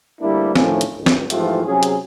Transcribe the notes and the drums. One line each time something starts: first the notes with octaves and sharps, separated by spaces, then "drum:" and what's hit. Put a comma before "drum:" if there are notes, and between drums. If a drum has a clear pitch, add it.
D2 G3 A#3 D4 E4
D2 A2 D#3 F3 A3 C#4, drum: snare
drum: hi-hat
G#1 C#2
drum: snare
G#2 E3 F3 A3 F4 G4, drum: hi-hat
C3 F#3 C#4 G#4
drum: hi-hat